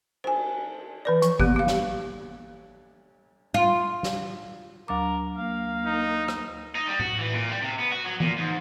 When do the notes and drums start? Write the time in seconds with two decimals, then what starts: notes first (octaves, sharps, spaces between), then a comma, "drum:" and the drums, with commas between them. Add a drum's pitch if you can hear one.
0.24 C5 G#5, drum: cymbal
1.05 E3 B4 D5
1.22 F3, drum: hi-hat
1.40 A#3 B3 G4, drum: kick G#1
1.56 G4 F5
1.67 drum: snare
3.54 F4
4.03 drum: snare
4.88 D2 F#3 A#4 D6
5.37 A#3 F5
5.86 D#4
6.28 drum: rim click
6.75 D#4
6.87 G3
6.99 F#4, drum: tom A2
7.19 E3
7.34 A#2
7.50 G3
7.62 C3
7.79 B3
7.92 F#4
8.06 F#3
8.20 A#2, drum: tom E3
8.38 G#2